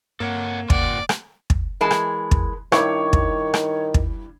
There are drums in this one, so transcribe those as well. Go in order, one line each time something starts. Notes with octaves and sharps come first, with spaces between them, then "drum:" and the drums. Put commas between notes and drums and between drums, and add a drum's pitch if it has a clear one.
G2 A#3 C4 A4 C#5 F#5
F2 G#2 C#3 F4 D5 F#5 G5, drum: kick
drum: rim click
drum: kick
E3 G#3 A#4 A5
drum: rim click
drum: kick
G2 D#3 E4 C#5 C#6 D6, drum: rim click
drum: kick
drum: rim click
drum: kick